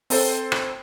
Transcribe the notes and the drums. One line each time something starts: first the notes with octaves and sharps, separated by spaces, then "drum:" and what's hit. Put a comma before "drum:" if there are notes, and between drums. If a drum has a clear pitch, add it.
C4 A4 C5, drum: open hi-hat
drum: rim click